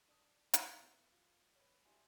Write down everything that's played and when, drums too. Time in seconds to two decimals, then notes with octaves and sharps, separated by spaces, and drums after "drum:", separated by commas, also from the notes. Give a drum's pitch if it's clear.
0.08 D4 D#6
0.53 drum: hi-hat
0.83 B3 E4 B4
1.12 F4
1.56 B4 C#5
1.85 D4 E4 G4 G#5 C6